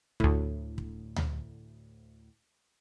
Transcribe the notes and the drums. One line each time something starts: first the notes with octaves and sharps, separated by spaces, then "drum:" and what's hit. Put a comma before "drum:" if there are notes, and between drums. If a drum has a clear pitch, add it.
D2 A2, drum: kick
drum: kick
drum: tom D2